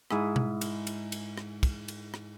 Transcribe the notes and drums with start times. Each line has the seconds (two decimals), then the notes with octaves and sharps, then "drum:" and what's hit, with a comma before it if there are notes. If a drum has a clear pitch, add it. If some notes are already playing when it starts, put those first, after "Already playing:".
0.11 G#2 E4 G#5 D#6, drum: rim click
0.36 drum: tom B2
0.61 drum: cymbal
0.87 drum: cymbal
1.12 drum: cymbal
1.38 drum: rim click
1.63 drum: kick, cymbal
1.88 drum: cymbal
2.14 drum: rim click